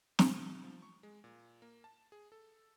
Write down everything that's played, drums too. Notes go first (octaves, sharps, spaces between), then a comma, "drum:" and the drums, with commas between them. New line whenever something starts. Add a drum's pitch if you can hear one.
B2, drum: snare
F3
C#6
G#3
A#2
A#3
A5
G#4
A4